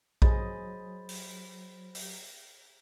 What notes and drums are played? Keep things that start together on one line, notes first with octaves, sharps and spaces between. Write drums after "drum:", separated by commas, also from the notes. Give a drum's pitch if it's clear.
F#3 G#4 C5 D#5 B5 A6, drum: kick A#1
drum: open hi-hat
drum: open hi-hat